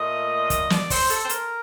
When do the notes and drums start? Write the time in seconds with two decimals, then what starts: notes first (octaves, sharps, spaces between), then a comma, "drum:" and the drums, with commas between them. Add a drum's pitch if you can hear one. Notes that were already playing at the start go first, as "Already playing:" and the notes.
Already playing: A#2 A3 D#5
0.50 D#5, drum: kick, hi-hat
0.70 D5, drum: snare
0.90 C5, drum: kick, open hi-hat
1.10 A4, drum: hi-hat
1.23 C5
1.29 A#4, drum: hi-hat